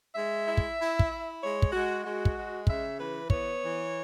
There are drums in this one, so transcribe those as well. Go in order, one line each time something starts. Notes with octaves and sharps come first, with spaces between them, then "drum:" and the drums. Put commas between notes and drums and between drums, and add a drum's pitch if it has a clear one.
G#3 E5
E4
drum: kick
E4
drum: kick
E4
G#3 C#5
drum: kick
G#3 F#4
G#3 F#4
drum: kick
G#3
C#3 E5, drum: kick
E3 B4
B3 C#5, drum: kick
E3